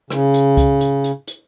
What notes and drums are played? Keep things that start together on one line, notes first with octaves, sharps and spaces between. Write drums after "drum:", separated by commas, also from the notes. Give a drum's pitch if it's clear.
C#3, drum: rim click
drum: hi-hat
drum: kick C#2, hi-hat
drum: hi-hat
drum: hi-hat
drum: hi-hat